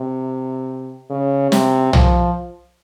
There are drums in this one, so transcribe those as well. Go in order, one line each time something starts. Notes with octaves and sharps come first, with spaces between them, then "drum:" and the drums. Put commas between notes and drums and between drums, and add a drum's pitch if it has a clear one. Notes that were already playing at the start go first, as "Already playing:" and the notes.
Already playing: C3
C#3
C3, drum: snare
F3, drum: tom